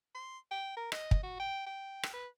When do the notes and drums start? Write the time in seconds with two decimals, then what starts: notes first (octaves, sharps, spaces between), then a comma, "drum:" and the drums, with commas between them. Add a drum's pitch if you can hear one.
0.15 C6
0.51 G5
0.77 A#4
0.92 D#5, drum: rim click
1.11 drum: kick
1.23 F#4
1.40 G5
1.67 G5
2.03 drum: rim click
2.13 B4